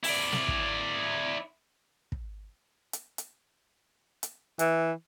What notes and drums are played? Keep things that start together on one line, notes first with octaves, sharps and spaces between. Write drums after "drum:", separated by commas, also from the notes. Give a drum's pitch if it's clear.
E4 D5, drum: open hi-hat
drum: snare
drum: kick
drum: kick
drum: hi-hat
drum: hi-hat
drum: hi-hat
E3, drum: hi-hat